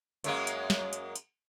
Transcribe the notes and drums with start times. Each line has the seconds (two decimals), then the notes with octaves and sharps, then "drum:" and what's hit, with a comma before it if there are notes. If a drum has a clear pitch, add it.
0.24 F#2 G#3 A#3, drum: hi-hat
0.47 drum: hi-hat
0.70 drum: snare
0.93 drum: hi-hat
1.16 drum: hi-hat